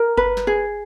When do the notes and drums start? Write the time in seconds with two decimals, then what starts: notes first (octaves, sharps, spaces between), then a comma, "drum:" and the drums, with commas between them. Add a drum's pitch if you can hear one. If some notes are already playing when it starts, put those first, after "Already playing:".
Already playing: A#4
0.17 B4, drum: kick G1
0.37 drum: snare
0.47 G#4